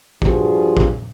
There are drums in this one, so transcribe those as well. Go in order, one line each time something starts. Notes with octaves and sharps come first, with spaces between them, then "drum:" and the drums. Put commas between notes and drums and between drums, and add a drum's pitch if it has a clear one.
G2 F3 G3 F4 F#4 G#4, drum: kick
drum: kick